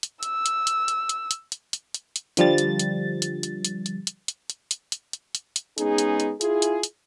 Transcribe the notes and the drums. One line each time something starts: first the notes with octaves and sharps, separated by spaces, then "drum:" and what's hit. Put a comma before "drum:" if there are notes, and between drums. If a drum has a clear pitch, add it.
drum: hi-hat
E6, drum: hi-hat
drum: hi-hat
drum: hi-hat
drum: hi-hat
drum: hi-hat
drum: hi-hat
drum: hi-hat
drum: hi-hat
drum: hi-hat
drum: hi-hat
D3 F3 G3 A6, drum: hi-hat
drum: hi-hat
drum: hi-hat
drum: hi-hat
drum: hi-hat
drum: hi-hat
drum: hi-hat
drum: hi-hat
drum: hi-hat
drum: hi-hat
drum: hi-hat
drum: hi-hat
drum: hi-hat
drum: hi-hat
drum: hi-hat
G#3 B3 C#4 D#4 G#4, drum: hi-hat
drum: hi-hat
drum: hi-hat
E4 F4 G#4, drum: hi-hat
drum: hi-hat
drum: hi-hat